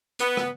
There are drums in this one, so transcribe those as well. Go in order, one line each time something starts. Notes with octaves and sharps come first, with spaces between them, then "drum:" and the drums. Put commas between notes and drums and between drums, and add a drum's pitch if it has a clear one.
B3, drum: hi-hat
drum: rim click